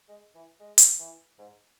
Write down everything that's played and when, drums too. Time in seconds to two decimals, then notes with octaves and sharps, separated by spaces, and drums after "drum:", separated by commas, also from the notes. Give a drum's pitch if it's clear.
0.09 G#3
0.35 E3
0.60 G#3
0.78 drum: hi-hat
0.99 E3
1.38 G#2